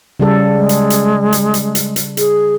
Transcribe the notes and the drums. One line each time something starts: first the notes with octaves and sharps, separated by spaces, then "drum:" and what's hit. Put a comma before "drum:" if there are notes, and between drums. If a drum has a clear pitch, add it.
C#3 G3 A4
G#3
drum: hi-hat
drum: hi-hat
drum: hi-hat
drum: hi-hat
drum: hi-hat
drum: hi-hat
G#4, drum: hi-hat